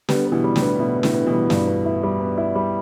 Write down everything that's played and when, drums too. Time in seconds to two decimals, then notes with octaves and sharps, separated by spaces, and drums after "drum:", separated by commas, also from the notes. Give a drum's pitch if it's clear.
0.09 D3 G3 B3, drum: snare
0.27 B3
0.32 B2 E3
0.44 G3
0.56 A2 D3, drum: snare
0.61 B3
0.79 B2 E4
0.96 B3
1.03 A2 D3, drum: snare
1.14 B3
1.26 B2 E3
1.32 G3
1.50 G2, drum: snare
1.67 B3
1.85 E4
2.03 G3
2.20 B3
2.38 E4
2.55 G3